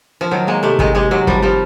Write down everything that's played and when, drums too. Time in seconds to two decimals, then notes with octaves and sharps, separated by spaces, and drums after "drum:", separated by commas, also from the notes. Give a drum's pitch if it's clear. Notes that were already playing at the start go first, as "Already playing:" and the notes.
0.21 F3
0.31 D#3 F#3
0.47 G#3 A#3
0.63 C3 A3
0.79 D#3 G#3, drum: kick
0.95 C3 G#3
1.11 C3 F#3
1.27 F3 G3, drum: kick
1.42 F3 G3